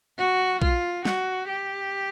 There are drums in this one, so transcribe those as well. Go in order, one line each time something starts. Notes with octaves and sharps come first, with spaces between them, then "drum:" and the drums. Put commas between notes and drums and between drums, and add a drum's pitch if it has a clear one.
F#4
F4, drum: kick A#1
F#4, drum: snare
G4